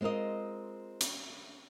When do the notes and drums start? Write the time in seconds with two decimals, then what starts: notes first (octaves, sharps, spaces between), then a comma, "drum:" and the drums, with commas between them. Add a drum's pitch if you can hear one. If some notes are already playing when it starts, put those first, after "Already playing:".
0.01 G#3 C4 F4 A#4 D#5
1.01 drum: hi-hat